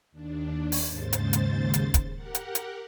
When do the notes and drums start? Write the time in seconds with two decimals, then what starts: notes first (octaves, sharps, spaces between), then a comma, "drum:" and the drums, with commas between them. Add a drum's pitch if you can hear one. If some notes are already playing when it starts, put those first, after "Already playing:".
0.12 D#2 D4
0.72 drum: open hi-hat
0.89 D#2 G#2 C#3 C5 A6
1.13 drum: hi-hat
1.33 drum: hi-hat
1.74 drum: hi-hat
1.94 drum: kick, hi-hat
2.14 G4 A#4 F#5
2.35 drum: hi-hat
2.55 drum: hi-hat